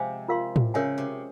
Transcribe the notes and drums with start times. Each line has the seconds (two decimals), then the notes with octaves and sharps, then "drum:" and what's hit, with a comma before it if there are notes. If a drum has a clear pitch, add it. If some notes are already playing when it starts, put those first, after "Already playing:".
Already playing: C3 F3 G#3 C5 F5 G#5
0.28 F4 A#4 F5 C6
0.56 drum: tom A2
0.74 C#3 A#4 C#5 E5 G#5
0.98 C3